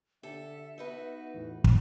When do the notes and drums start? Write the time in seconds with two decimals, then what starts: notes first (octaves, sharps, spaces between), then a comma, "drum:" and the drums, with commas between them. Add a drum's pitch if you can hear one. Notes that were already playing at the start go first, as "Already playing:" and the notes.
0.23 D3 G4 A4 E5
0.78 B3 D#4 F#4 B4
1.34 E2 A2 E3
1.64 drum: kick